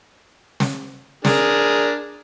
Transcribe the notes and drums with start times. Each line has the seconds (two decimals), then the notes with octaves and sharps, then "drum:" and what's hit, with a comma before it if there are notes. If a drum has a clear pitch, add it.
0.60 drum: snare
1.25 D4 G#4 A#4, drum: snare